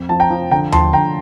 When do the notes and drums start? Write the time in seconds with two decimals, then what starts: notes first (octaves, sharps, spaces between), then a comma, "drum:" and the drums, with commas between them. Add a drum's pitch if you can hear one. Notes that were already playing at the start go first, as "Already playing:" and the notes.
Already playing: F2
0.09 F3 A5
0.20 G5 A#5
0.30 F3
0.51 D3 G5 A#5
0.72 F3 A5 C6, drum: tom D#2
0.93 D3 G5 A#5